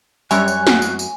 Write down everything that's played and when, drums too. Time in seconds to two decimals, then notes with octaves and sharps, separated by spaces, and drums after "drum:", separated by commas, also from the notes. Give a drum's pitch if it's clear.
0.31 F#2 G3 C#5 G#5 F#6, drum: tambourine
0.48 drum: tambourine
0.67 F#4, drum: snare
0.82 drum: tambourine
0.99 drum: tambourine